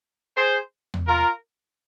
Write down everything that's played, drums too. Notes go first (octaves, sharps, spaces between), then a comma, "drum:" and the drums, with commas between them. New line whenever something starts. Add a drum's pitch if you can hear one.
G#4 C5
drum: tom E2
F4 A#4